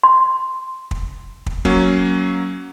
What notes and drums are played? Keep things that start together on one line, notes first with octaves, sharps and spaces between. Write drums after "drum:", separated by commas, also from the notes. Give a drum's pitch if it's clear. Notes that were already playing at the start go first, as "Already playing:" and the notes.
C6
drum: kick
drum: kick
F#3 A#3 C#4, drum: kick